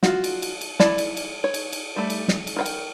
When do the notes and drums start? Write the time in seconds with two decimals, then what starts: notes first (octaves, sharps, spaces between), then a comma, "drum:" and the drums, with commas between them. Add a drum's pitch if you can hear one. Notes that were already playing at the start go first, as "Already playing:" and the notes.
0.03 F4 F#4, drum: snare
0.24 drum: cymbal
0.42 drum: cymbal
0.61 drum: cymbal
0.80 E4 D5 A5, drum: snare
0.98 drum: cymbal
1.17 drum: cymbal
1.44 C#5
1.54 drum: cymbal
1.73 drum: cymbal
1.96 G3 A3
2.10 drum: cymbal
2.28 drum: snare
2.47 drum: cymbal
2.56 A#4 B4 G5
2.66 drum: cymbal